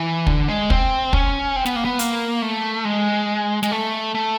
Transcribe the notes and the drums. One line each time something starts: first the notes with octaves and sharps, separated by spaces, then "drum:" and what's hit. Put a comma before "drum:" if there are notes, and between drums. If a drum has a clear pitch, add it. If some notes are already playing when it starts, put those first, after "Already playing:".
Already playing: E3
D3, drum: kick
G#3
C4, drum: kick
C#4, drum: kick
C4
B3, drum: snare
A#3
B3
A#3, drum: hi-hat
A3
G#3
G#3, drum: snare
A3
A3